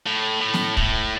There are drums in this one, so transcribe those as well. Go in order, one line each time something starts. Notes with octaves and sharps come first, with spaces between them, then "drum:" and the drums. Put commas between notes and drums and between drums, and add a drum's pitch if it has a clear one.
A2
A2
drum: snare
A2, drum: kick